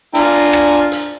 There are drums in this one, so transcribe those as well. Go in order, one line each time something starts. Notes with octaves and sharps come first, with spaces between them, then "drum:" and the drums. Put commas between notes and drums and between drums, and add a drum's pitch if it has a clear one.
D4 F4 G#5 A#5, drum: hi-hat
drum: rim click
drum: hi-hat